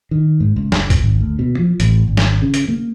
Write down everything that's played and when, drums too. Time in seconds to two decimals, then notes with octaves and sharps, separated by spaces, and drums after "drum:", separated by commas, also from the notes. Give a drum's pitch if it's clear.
0.11 D#3
0.40 G#2
0.56 C#2
0.72 F#1, drum: snare
0.90 drum: kick C2, hi-hat
1.03 G#1
1.21 D2
1.39 B2
1.59 F3
1.80 A1, drum: hi-hat
2.08 G#1
2.17 drum: snare
2.42 C#3
2.54 drum: hi-hat
2.68 A#3